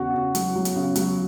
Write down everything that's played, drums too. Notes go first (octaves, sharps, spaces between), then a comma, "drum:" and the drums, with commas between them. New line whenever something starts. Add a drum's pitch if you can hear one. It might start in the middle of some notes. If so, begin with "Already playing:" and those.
Already playing: E2 C#3 F#4
C#3
F#3, drum: hi-hat
F#3
drum: hi-hat
C#3
F#3, drum: hi-hat